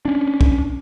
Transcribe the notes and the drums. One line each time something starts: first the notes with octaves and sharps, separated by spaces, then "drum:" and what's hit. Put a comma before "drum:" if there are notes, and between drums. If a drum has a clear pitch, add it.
C#4 D4
drum: kick